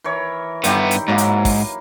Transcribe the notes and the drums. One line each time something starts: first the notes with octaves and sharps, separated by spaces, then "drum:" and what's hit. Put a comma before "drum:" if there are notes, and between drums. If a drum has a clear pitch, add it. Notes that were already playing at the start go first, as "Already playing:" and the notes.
E3 A#4 C#5
G2 D#3 B3 E4 G4, drum: hi-hat
drum: hi-hat
G#2 F#3 A#3 E4
drum: hi-hat
drum: kick, open hi-hat